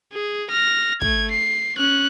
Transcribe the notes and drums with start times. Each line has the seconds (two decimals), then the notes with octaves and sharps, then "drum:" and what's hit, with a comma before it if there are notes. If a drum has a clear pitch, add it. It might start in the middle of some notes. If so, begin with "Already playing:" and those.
0.13 G#4
0.51 F6 A#6
1.02 A3 G#6, drum: kick
1.31 C7
1.77 C#4 F#6